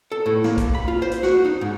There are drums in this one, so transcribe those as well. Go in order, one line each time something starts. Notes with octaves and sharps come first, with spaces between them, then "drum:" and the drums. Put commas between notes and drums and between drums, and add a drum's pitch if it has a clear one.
A4
A2
A#3, drum: snare
drum: kick, hi-hat
B5
F4
C5
drum: hi-hat
F#4, drum: snare
D#4
G#2